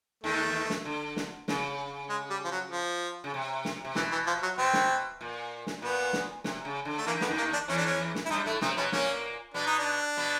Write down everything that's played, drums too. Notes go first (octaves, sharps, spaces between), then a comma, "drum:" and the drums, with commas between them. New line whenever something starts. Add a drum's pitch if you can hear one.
D#2 D#3 A3
drum: snare
D3
drum: snare
C#3, drum: snare
G#3
G3
F3
F#3
F3
C#3
C3
drum: snare
C3
B2 E3, drum: snare
E3
F3
F#3
B2 C4
drum: snare
A#2
drum: snare
A#2 B3
drum: snare
C3, drum: snare
C#3
D3
A3
E3 A#3
D#3
D3 B3, drum: snare
D#2 D#3
A#3
D4
E2 E3 C#4
D4
C#4
drum: snare
E4
G2 G3 D#4
A2 A3 E4
C3 C4 D#4, drum: snare
B2 B3 C#4
A#2 A#3 C#4, drum: snare
B2 B3 D4
D#4
D4
B2 B3